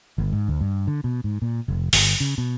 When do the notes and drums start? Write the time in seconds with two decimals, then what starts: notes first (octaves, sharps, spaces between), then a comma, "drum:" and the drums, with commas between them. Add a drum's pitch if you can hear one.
0.18 G1
0.33 G#2
0.48 D2
0.61 G2
0.87 D3
1.04 B2
1.24 G#2
1.42 A#2
1.68 F1
1.93 G1, drum: open hi-hat
2.20 C#3
2.38 B2